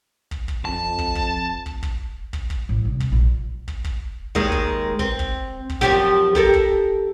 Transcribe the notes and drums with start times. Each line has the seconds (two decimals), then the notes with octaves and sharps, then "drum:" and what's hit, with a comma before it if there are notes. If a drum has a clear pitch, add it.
0.31 drum: kick
0.48 drum: kick
0.65 F2 A5
0.98 drum: kick
1.15 drum: kick
1.66 drum: kick
1.83 drum: kick
2.33 drum: kick
2.50 drum: kick
2.69 A1
2.85 C2
3.00 drum: kick
3.12 A#1 F3
3.68 drum: kick
3.84 drum: kick
4.35 D#2 D#3 G#3, drum: kick
4.52 drum: kick
4.99 C4, drum: kick
5.19 drum: kick
5.69 drum: kick
5.81 F#2 F3 G4
6.35 G4 A4 A#4, drum: kick
6.54 drum: kick